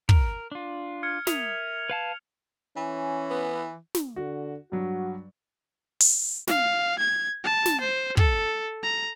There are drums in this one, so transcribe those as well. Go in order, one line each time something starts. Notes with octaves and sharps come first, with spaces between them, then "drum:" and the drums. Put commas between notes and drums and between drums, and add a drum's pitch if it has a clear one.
A#4, drum: kick
D4 F4
F6 G#6 C#7
A#4 E5 D#6 F7, drum: snare
B4 F5 A5
E3 C#4
B3
drum: snare
D3 F#4
G2 F#3 F#4
drum: open hi-hat
F5, drum: snare
G#6
A5
drum: snare
C5
A4, drum: kick
A#5